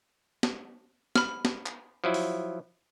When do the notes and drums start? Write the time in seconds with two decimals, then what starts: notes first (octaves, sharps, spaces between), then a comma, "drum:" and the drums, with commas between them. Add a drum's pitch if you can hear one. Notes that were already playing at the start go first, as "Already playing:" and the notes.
0.43 drum: snare
1.16 B5 F6, drum: snare
1.45 drum: snare
1.66 drum: clap
2.04 F3 F#3 E4
2.14 drum: open hi-hat